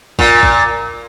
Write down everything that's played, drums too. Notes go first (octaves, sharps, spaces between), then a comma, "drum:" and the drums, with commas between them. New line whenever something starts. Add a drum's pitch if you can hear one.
A#2, drum: kick
drum: kick